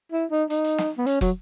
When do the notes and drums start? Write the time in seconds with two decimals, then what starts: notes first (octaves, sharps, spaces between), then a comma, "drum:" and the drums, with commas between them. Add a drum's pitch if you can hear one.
0.12 E4
0.31 D#4
0.50 D#4, drum: hi-hat
0.64 drum: hi-hat
0.78 drum: snare
0.98 B3
1.06 C#4, drum: hi-hat
1.21 F#3, drum: kick, hi-hat